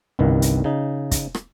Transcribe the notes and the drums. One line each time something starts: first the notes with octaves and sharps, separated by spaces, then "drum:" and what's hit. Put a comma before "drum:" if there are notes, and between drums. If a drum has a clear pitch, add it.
G1 C2 G2 D#3
drum: hi-hat
C#3 D#4
drum: kick, hi-hat
drum: rim click